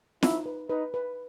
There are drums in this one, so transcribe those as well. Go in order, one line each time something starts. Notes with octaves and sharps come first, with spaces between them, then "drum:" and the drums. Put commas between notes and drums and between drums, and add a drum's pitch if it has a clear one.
D#4 E4, drum: snare
B4
D#4 B4
B4